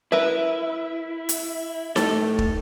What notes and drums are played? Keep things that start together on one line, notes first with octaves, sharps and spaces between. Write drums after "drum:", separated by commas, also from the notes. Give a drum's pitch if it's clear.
E4 A#4 B4 E5
drum: hi-hat
A2 A4, drum: snare D#4
drum: kick